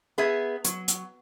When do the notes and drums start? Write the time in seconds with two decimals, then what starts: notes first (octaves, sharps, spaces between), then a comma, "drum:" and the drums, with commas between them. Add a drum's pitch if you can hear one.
0.18 B3 G#4 E5
0.65 F#3, drum: hi-hat
0.88 drum: hi-hat